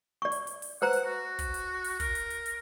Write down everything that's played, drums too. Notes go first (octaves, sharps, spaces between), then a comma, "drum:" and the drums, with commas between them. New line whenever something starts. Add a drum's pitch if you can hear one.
D5 C#6
drum: hi-hat
drum: hi-hat
drum: open hi-hat
B4 C5 F#5 A#5
drum: hi-hat
F#4
drum: kick, hi-hat
drum: hi-hat
drum: open hi-hat
A#4, drum: kick, hi-hat
drum: hi-hat
drum: hi-hat
drum: hi-hat